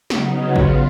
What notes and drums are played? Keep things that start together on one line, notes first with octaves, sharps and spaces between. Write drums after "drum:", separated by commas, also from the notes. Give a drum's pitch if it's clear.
C#3 F#3 B3 D#4, drum: snare
F4
drum: kick A1